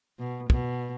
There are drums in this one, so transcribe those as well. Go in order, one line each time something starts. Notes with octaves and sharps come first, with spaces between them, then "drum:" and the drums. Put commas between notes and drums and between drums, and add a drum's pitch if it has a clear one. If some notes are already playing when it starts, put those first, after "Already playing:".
B2
B2, drum: kick